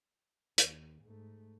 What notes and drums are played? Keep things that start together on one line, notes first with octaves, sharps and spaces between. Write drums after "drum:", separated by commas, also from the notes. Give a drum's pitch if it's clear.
D#2, drum: hi-hat
G#2 A3